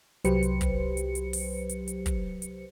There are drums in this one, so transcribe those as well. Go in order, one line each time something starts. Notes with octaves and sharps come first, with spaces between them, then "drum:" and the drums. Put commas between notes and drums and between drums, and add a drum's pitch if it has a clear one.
C2 F#3 G4 B4 C5 C#7, drum: hi-hat
drum: hi-hat
drum: kick, hi-hat
drum: hi-hat
drum: hi-hat
drum: open hi-hat
drum: hi-hat
drum: hi-hat
drum: kick, hi-hat
drum: hi-hat